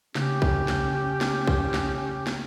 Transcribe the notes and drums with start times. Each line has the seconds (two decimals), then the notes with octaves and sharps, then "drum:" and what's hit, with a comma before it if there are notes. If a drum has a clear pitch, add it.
0.15 C#3 C#4 G4, drum: snare
0.42 drum: kick B1
0.68 drum: snare
1.21 drum: snare
1.47 drum: kick B1
1.74 drum: snare
2.27 drum: snare